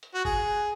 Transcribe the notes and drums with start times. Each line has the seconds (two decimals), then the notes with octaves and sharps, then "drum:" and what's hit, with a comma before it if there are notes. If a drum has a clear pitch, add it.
0.03 drum: hi-hat
0.14 F#4
0.25 G#4, drum: kick